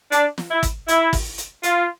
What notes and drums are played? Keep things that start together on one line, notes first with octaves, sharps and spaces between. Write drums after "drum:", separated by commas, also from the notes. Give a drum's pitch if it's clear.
D4, drum: hi-hat
drum: snare
E4
drum: kick, hi-hat
E4, drum: hi-hat
drum: kick, open hi-hat
drum: hi-hat
F4, drum: hi-hat